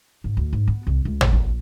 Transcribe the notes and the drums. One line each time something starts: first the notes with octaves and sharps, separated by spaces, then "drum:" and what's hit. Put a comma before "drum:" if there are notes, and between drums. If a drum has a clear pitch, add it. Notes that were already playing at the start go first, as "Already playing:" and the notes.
G#2
D2
G#2
B3
C2
C#2
drum: tom
A#1